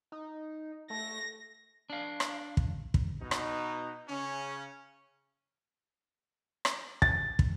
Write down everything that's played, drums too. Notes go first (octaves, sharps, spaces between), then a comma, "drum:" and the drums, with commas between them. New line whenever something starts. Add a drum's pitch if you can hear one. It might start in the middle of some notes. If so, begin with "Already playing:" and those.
D#4
A3 A#6
D4 F5
drum: rim click
drum: kick
drum: kick
B2 D#4
drum: rim click
C#3 C#4
drum: rim click
A6, drum: kick
drum: kick